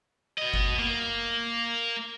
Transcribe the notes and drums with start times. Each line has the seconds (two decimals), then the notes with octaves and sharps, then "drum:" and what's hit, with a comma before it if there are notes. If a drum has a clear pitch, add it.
0.38 B2 D#5
0.54 drum: kick G1
0.79 A#3